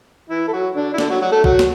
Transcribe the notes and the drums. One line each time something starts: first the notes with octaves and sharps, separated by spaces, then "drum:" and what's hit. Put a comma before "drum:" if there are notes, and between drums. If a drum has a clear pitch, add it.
E3 E4
A4
F#3 F#4
D3 D4
E4
D3 D4, drum: snare
F#3 F#4
F#3 F#4
A3 A4
F#3 F#4, drum: kick
drum: snare